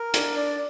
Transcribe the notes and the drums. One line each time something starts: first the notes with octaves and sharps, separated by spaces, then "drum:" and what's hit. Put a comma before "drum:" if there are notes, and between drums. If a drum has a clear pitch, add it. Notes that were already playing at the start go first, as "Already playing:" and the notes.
Already playing: A#4
D4, drum: hi-hat
D5